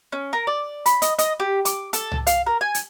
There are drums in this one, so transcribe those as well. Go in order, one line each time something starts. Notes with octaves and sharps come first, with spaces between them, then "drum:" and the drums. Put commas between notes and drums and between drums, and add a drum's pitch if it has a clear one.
C#4
A#4
D5
B5, drum: hi-hat
D#5, drum: hi-hat
D#5, drum: hi-hat
G4
D6, drum: hi-hat
A4, drum: hi-hat
drum: tom C2
F5, drum: hi-hat
A#4
G#5
drum: hi-hat